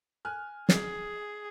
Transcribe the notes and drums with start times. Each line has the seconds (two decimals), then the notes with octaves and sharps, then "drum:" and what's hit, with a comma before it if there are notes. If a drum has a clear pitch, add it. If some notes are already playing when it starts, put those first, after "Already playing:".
0.25 G#5 F6 F#6
0.69 G#4, drum: snare